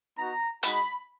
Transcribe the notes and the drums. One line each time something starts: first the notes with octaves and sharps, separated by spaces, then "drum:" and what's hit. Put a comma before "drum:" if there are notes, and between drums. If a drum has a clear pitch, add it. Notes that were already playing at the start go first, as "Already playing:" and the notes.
B3 D#4 F#4 A#5
G#3 D#4 F#4 B5, drum: hi-hat